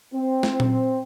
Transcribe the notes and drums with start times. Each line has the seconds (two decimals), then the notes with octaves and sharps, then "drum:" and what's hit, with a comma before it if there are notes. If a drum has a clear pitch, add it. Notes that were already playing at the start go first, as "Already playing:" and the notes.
0.14 C4
0.43 drum: snare
0.60 drum: tom A#2